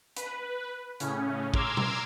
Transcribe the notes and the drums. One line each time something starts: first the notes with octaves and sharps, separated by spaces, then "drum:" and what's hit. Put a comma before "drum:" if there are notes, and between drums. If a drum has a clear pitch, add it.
B4, drum: hi-hat
A2 C#3 C#4, drum: hi-hat
A#5 C6 D6 E6 F6 G#6, drum: kick
drum: tom